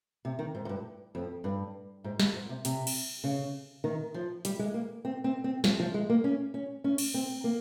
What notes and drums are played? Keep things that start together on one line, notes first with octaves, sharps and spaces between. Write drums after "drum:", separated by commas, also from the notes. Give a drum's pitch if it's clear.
C3
D#3
G#2
G#2
G2
F2
G2
G#2
G2, drum: snare
G#2
C3
C3, drum: hi-hat
drum: cymbal
C#3
D#3
F3
G3, drum: hi-hat
G#3
A#3
C4
C4
C4
F3, drum: snare
F3
G#3
A#3
C#4
C#4
C#4
drum: cymbal
C4
A#3